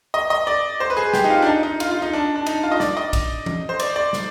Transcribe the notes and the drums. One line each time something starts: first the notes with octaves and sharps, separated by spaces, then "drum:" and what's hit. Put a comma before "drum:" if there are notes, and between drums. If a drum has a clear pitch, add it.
D#5
D#5
D5
C5
B4
G#4
G4, drum: snare
D#4
F4
D4
D#4
D#4
F4, drum: cymbal
F4
D#4
D4
D4
D#4, drum: cymbal
F4
D#5
D5, drum: snare
D#5
drum: kick A#1, cymbal
drum: tom E3
C5
D5, drum: cymbal
D5
drum: snare